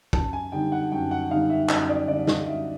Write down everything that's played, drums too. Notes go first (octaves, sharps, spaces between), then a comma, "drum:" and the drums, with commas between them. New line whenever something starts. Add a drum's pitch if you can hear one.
F#2 A5, drum: kick
G#5
D3 G3 C4 D#4 G5
F#5
F#2 G5
F#5
D3 G3 C4 D#4 F5
E5
F#2 D#5, drum: clap
D5
D3 G3 C4 D#4 D5
D#5, drum: snare
F#2 E5